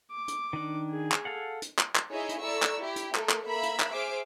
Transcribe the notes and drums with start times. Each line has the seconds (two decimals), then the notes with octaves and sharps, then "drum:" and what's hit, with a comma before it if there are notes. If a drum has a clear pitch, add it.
0.11 D6
0.28 drum: hi-hat
0.53 D#3 D4
0.91 G#4
1.12 drum: clap
1.25 A4 F5 F#5
1.62 drum: hi-hat
1.79 drum: clap
1.95 drum: clap
2.11 D#4 E4 G#4 C#5 D#5 E5
2.29 drum: hi-hat
2.42 E4 A4 D5 A#5 C#6 E6
2.62 drum: clap
2.79 E4 G4
2.96 drum: hi-hat
3.15 A3 A4 A#4, drum: clap
3.29 drum: clap
3.47 A#3 E5 A#5 B5
3.63 drum: hi-hat
3.80 drum: clap
3.92 G#4 C5 E5 D6 F6 D7